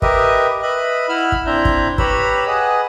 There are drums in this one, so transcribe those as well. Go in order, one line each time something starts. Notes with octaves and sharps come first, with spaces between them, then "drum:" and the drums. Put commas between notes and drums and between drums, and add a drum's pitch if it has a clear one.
G4 A#4 B4 D#5 E5, drum: kick
B4 D#5 E5 B5
E4 F#5 B5 E6 F6
drum: kick
C4 D4 E4 E5 A#5 G6
drum: kick
G4 B4 C#5 A#5 B5 E6, drum: kick
G#4 B4 D#5 F#5